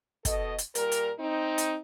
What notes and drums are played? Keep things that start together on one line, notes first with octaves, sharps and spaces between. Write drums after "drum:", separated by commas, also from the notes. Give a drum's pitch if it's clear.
B2 A4 D#5, drum: kick, hi-hat
drum: hi-hat
A#2 G3 A#4, drum: hi-hat
drum: hi-hat
C4 D#4
drum: hi-hat